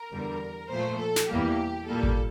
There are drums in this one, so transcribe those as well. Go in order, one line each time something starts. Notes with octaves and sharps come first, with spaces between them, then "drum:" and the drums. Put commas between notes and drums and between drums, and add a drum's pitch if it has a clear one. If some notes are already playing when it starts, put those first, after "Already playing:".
Already playing: A#4
E2 D3 G3
A#2 F3 A3 C5
A4
drum: snare
E2 E3 G3 A#3 G4
A#2 G3 A#3 A4
drum: kick G#1